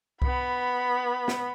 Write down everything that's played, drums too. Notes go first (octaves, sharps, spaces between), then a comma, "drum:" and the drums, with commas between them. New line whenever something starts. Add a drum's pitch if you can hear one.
B3 B5, drum: kick C2
drum: snare